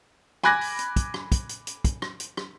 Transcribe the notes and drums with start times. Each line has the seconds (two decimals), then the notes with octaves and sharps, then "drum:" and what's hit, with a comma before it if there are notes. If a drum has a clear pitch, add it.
0.44 G#5 B5 D6 F#6 G#6 A#6, drum: rim click
0.61 drum: open hi-hat
0.79 drum: hi-hat
0.96 drum: kick, hi-hat
1.14 drum: rim click
1.32 drum: kick, hi-hat
1.49 drum: hi-hat
1.67 drum: hi-hat
1.85 drum: kick, hi-hat
2.02 drum: rim click
2.20 drum: hi-hat
2.37 drum: rim click